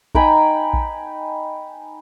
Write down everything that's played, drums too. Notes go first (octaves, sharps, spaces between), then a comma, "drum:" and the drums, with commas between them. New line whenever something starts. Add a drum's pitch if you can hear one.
D#4 G5 G#5 B5, drum: kick A#1
drum: kick A#1